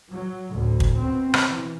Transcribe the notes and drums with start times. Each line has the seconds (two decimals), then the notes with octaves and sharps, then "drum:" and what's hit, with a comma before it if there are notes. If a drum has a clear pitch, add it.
0.11 F#3
0.54 D2 A2
0.80 drum: kick
1.00 B2 C4
1.34 drum: rim click
1.49 E3